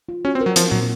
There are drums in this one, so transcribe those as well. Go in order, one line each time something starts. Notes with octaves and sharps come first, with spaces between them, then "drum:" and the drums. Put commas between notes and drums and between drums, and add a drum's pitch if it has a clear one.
F4
C#4 F#4
C4
A#4
F#3
F3 C4, drum: hi-hat
A#2 F#3